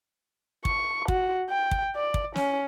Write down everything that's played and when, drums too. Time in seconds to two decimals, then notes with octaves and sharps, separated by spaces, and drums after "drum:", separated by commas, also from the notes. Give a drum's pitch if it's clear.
0.65 C#6, drum: kick
1.08 F#4, drum: kick
1.50 G5
1.71 drum: kick
1.96 D5
2.14 drum: kick
2.35 C#4, drum: snare